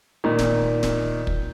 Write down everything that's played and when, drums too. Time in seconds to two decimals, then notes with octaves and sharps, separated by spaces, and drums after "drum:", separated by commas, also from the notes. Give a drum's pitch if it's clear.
0.24 A#2 D#3
0.39 drum: snare D1
0.83 drum: snare D1
1.27 drum: kick